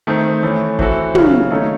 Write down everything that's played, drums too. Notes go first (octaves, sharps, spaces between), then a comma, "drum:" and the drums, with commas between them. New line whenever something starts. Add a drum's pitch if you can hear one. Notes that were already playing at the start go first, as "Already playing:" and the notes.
D#3 A3 C4
E3 A3 C#4
E3 C4 F#4 A4, drum: kick G1
C#3 F#3 C#4, drum: tom
D#3 A3 D#4 A4 C#5